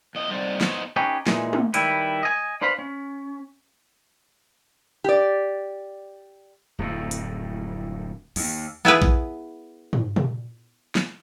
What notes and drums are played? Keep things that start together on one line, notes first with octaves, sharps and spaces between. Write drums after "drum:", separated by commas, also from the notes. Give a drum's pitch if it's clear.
E2 D#5
D3 G3 C4 D#4 C5 D5
F#3 B3 D#4 C5 C#5 D#5, drum: snare
C#4 D#4 G4 B4
A#2 E3 G#3 D#4, drum: snare
drum: tom
D#3 G3 E4 B4, drum: hi-hat
D#5 G#5
D4 B4 C5 F5 B5
C#4
G4 D5
D1 F2 A2
drum: hi-hat
D#2, drum: open hi-hat
B3 E4 G#4 B4
drum: kick A#1
drum: tom
drum: tom
drum: snare